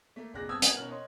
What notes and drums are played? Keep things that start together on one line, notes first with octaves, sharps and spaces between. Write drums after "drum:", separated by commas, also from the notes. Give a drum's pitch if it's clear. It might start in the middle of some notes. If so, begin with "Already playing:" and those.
A3 A#3
F1 A#1 D4 G#4 F#6 A#6
G1 C4 A5 D#6 E6 G#6
A#4 F#5 D#6 G#6, drum: hi-hat
B2 C#4 A#4 F6 F#7
C#5 D#5 C6